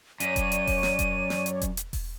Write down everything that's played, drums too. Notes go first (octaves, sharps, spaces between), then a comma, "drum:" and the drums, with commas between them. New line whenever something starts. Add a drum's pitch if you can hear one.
F#2 C#5 D5 D#7, drum: hi-hat
drum: kick E1, hi-hat
drum: hi-hat
drum: kick E1, open hi-hat
drum: snare
drum: kick E1, hi-hat
drum: snare
drum: hi-hat
drum: kick E1, hi-hat
drum: hi-hat
drum: kick E1, open hi-hat